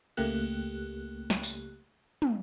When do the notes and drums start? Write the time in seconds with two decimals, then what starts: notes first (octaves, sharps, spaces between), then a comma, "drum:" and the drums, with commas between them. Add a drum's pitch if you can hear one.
0.17 C#2 C#3 A3 A#3 G4 F#6, drum: cymbal
1.30 drum: snare
1.43 drum: tambourine
2.22 drum: tom